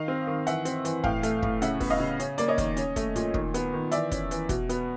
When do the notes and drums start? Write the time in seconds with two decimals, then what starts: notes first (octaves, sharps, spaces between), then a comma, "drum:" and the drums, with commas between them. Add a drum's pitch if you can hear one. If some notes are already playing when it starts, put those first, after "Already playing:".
Already playing: D#3 D#5 F5
0.08 C4
0.27 D#3
0.47 E3 E5 F#5, drum: hi-hat
0.65 C4, drum: hi-hat
0.85 E3, drum: hi-hat
1.04 A2 F5 G5, drum: kick
1.23 A3, drum: hi-hat
1.42 A2, drum: kick
1.62 C#3 E5 F#5, drum: hi-hat
1.80 B3, drum: kick, open hi-hat
1.90 D#5 F5
2.00 C#3
2.20 C#4, drum: hi-hat
2.38 A#3 D5, drum: hi-hat
2.48 C#5 D#5
2.58 D#3, drum: kick, hi-hat
2.77 C#4, drum: hi-hat
2.96 A3, drum: kick, hi-hat
3.16 A#2, drum: hi-hat
3.34 D#3, drum: kick
3.54 B3, drum: hi-hat
3.73 D#3
3.91 E3 D5 E5, drum: hi-hat
4.11 C#4, drum: kick, hi-hat
4.31 E3, drum: hi-hat
4.49 B2, drum: kick, hi-hat
4.69 B3, drum: hi-hat